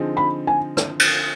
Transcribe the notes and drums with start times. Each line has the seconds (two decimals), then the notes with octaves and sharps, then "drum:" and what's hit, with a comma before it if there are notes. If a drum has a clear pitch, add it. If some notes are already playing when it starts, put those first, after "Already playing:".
Already playing: D3 F3 C4 D#4 G#4
0.17 B5
0.47 G#5
0.77 drum: rim click
1.00 drum: cymbal